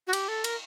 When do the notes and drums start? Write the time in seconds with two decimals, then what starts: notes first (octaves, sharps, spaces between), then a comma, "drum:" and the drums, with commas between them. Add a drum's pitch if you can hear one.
0.07 F#4
0.13 G4, drum: cymbal
0.28 A4
0.44 A#4, drum: cymbal